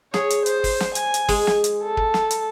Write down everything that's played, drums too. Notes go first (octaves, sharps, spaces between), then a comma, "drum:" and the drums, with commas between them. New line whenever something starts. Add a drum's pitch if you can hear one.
G#4 C#5, drum: snare
drum: hi-hat
C5, drum: hi-hat
drum: kick, open hi-hat
drum: snare
G#5, drum: hi-hat
drum: hi-hat
G#3, drum: kick, open hi-hat
drum: snare
drum: hi-hat
A4
drum: kick
drum: snare
drum: hi-hat